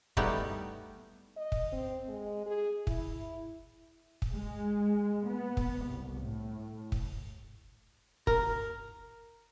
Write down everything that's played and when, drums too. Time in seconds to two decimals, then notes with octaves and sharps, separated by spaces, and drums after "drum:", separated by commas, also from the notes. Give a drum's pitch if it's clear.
0.17 G3 A3 B3 D#4 E4 G4, drum: kick
1.37 D#5
1.52 drum: kick
1.73 C4
2.08 G#3
2.46 G#4
2.87 E4, drum: kick
4.22 drum: kick
4.32 G#3
5.26 B3
5.57 drum: kick
5.84 C2
6.18 A2
6.92 drum: kick
8.27 A#4, drum: kick